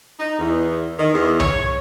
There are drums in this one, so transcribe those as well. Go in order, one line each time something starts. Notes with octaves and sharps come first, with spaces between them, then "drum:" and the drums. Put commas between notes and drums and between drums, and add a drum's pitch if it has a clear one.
D#4
E2
D#3
E2
C#5, drum: tom C2